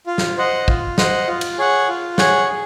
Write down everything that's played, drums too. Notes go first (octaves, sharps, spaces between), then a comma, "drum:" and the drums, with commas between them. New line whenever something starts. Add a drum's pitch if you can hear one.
F4
drum: snare
C5 D#5 F#5
F4, drum: kick
C5 D#5 F#5, drum: snare
F4
drum: cymbal
G#4 C#5 F#5
F4
G#4 C#5 F#5, drum: snare
G#4